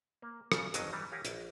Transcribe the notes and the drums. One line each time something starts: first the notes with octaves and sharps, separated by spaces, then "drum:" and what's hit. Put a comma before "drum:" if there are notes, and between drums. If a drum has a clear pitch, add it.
A#3
C#3 D5 F5, drum: rim click
G1 F2 D#3 F#3 D#5, drum: hi-hat
D#3 E3 G3
G4 A#4 C#5 F5 F#5 G#5
A#1, drum: hi-hat